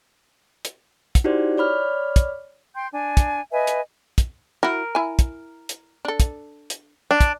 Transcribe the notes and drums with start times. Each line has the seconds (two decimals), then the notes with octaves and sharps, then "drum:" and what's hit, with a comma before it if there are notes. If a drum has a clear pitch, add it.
0.65 drum: hi-hat
1.15 drum: kick, hi-hat
1.24 D#4 E4 F#4 G4 C5 D5
1.58 C#5 D5 B5 F6
2.16 drum: kick, hi-hat
2.75 G5 C6 G6
2.92 D4 G#5
3.17 drum: kick, hi-hat
3.51 B4 D#5 E5 G#5
3.67 drum: hi-hat
4.18 drum: kick, hi-hat
4.63 E4 F#4 A#4
4.95 E4 G#5
5.19 drum: kick, hi-hat
5.69 drum: hi-hat
6.05 D4 A4
6.20 drum: kick, hi-hat
6.70 drum: hi-hat
7.11 D4
7.20 drum: kick, hi-hat